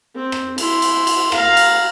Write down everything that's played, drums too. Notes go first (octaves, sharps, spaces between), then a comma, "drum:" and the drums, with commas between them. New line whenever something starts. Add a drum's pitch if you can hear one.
C4
drum: rim click
E4 C6, drum: cymbal
drum: cymbal
drum: cymbal
F5 A#5, drum: rim click
drum: cymbal